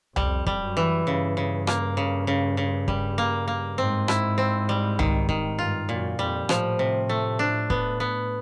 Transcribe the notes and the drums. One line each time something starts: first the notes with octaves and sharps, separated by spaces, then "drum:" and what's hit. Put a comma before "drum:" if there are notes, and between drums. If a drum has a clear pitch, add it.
F2 G3, drum: tom C2
G3, drum: kick
F#2
E3
G2 C#3
C#3
A#3, drum: rim click
C#3
C#3
C#3
G3, drum: kick
A#3
A#3
G#2 C4
E4, drum: rim click
C4
G3
D#3, drum: tom C2
D#3, drum: kick
G2 F4
F#2 A#2
F2 G3
A2 F3, drum: rim click
C3
A3
D4
B3, drum: kick
B3